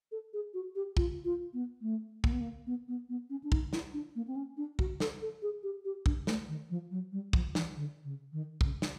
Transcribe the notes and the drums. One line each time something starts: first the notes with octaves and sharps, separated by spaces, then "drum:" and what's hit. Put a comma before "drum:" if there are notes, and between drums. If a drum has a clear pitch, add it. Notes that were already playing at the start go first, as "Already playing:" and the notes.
A4
G#4
F#4
G4
F4, drum: kick
F4
B3
A3
A#3, drum: kick
B3
A#3
B3
B3
B3
C#4
D4
D#4, drum: kick
E4, drum: snare
D4
A#3
C4
C#4
D4
F#4, drum: kick
A4, drum: snare
A4
G#4
G4
G4
D4, drum: kick
A3, drum: snare
D#3
F3
F#3
G3
F3, drum: kick
E3, drum: snare
D3
C#3
D#3
C#3, drum: kick
drum: snare